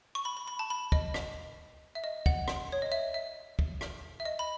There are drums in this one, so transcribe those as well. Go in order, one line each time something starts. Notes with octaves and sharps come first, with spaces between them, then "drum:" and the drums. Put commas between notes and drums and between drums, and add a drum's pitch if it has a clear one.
C#6
B5
B5
B5
A5
B5
D#5, drum: kick
drum: rim click
E5
D#5
F#5, drum: kick
drum: rim click
C#5
D#5
E5
E5
drum: kick
drum: rim click
E5
D#5
B5